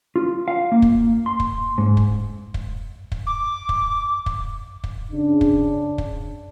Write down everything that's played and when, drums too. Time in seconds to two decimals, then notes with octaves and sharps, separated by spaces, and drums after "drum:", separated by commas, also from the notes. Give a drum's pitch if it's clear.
0.16 F4
0.48 F5
0.72 A#3
0.82 drum: kick
1.26 C6
1.40 drum: kick
1.78 G#2
1.97 drum: kick
2.54 drum: kick
3.12 drum: kick
3.26 D6
3.69 drum: kick
4.26 drum: kick
4.84 drum: kick
5.12 C#3 D4
5.41 drum: kick
5.98 drum: kick